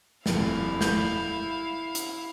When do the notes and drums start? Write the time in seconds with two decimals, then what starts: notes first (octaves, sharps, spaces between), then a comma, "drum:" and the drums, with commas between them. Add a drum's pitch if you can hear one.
0.26 D#1 F2 E4 F5, drum: snare
0.81 G6, drum: snare
1.95 drum: hi-hat